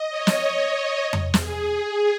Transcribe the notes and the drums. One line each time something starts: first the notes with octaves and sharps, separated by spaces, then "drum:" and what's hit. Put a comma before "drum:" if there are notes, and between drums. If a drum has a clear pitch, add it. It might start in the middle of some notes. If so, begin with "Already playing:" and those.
Already playing: D#5
C#5
drum: snare
drum: tom F2
G#4, drum: snare
G#4